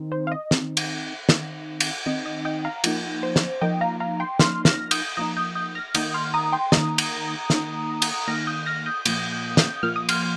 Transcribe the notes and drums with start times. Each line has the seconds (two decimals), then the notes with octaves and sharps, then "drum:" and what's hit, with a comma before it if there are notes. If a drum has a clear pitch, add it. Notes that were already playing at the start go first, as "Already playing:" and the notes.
Already playing: D#3 C4 D#4
0.12 C5
0.27 F5
0.32 D#5
0.51 D#3 C4 D#4, drum: snare
0.77 drum: cymbal
1.29 D#3 C4 D#4, drum: snare
1.80 drum: cymbal
2.06 D#3 C4 D#4 D#5
2.26 D#5
2.45 D#5 G5
2.65 F5 A#5
2.84 F3 A#3 D#4, drum: cymbal
3.23 C5
3.36 drum: snare
3.61 F3 A#3 D#4 D#5 G5
3.81 F5 A#5
4.00 F5 A#5
4.20 G5 C6
4.39 F3 A#3 D#4 C6 F6, drum: snare
4.65 F6 A#6, drum: snare
4.91 D#6 G6, drum: cymbal
5.17 F3 A#3 D#4 A#5 D#6
5.37 D#6 G6
5.55 D#6 G6
5.75 F6 A#6
5.95 D#3 A#3 D#4 D#6 G6, drum: cymbal
6.14 C6 F6
6.34 A#5 D#6
6.52 G5 C6
6.72 D#3 A#3 D#4 A#5 D#6, drum: snare
6.98 drum: cymbal
7.50 D#3 A#3 D#4, drum: snare
8.02 drum: cymbal
8.27 D#3 A#3 D#4 F6 A#6
8.47 D#6 G6
8.66 F6 A#6
8.86 D#6 G6
9.05 A#2 F3 A#3, drum: cymbal
9.57 drum: snare
9.83 A#2 F3 A#3 F6
9.96 D#6
10.09 C6 F6, drum: cymbal